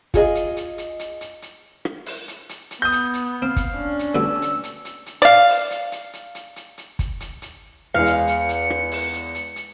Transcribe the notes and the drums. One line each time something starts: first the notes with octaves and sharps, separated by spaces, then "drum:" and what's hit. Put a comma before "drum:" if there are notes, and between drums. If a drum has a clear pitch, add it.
F4 G#4 D#5, drum: kick, hi-hat
drum: hi-hat
drum: hi-hat
drum: hi-hat
drum: hi-hat
drum: hi-hat
drum: hi-hat
drum: rim click
drum: open hi-hat
drum: hi-hat
drum: hi-hat
drum: hi-hat
B3 D#6 G6
drum: hi-hat
drum: hi-hat
C4 F5
drum: kick, hi-hat
C#4 D4
drum: hi-hat
D2 G3 B3 E6
drum: hi-hat
drum: hi-hat
drum: hi-hat
drum: hi-hat
D5 F5
drum: open hi-hat
drum: hi-hat
drum: hi-hat
drum: hi-hat
drum: hi-hat
drum: hi-hat
drum: hi-hat
drum: kick, hi-hat
drum: hi-hat
drum: hi-hat
E2 G#3 F5 C#7
drum: hi-hat
drum: hi-hat
drum: hi-hat
drum: rim click
drum: open hi-hat
drum: hi-hat
drum: hi-hat
drum: hi-hat